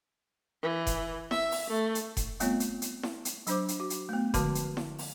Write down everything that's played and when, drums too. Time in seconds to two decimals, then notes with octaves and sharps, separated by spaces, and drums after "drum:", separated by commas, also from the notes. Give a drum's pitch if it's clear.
0.62 E3
0.87 drum: kick F1, hi-hat
1.31 E5, drum: snare E4
1.52 drum: open hi-hat
1.70 A3
1.95 drum: hi-hat
2.17 drum: kick F1, hi-hat
2.40 G3 A3 B3 C4 F4 C#5, drum: hi-hat
2.60 drum: hi-hat
2.82 drum: hi-hat
3.03 drum: snare E4
3.25 drum: hi-hat
3.47 F#3 D4 C5 D6, drum: hi-hat
3.68 drum: hi-hat
3.80 F#4
3.90 drum: hi-hat
4.09 A3 B3
4.34 D3 F3 G#3 F#4 B4 A5, drum: kick F1, hi-hat
4.55 drum: hi-hat
4.77 drum: snare E4
4.98 drum: open hi-hat